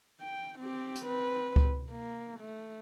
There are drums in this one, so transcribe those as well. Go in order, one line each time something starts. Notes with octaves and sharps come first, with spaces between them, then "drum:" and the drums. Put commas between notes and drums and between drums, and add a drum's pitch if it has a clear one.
G5
C4 G4
drum: hi-hat
C4 B4
drum: kick C#2
A#3
A3